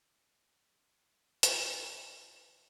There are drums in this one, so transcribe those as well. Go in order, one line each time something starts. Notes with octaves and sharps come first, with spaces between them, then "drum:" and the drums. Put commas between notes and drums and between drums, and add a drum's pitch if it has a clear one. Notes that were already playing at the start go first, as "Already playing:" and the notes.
F5 G5, drum: hi-hat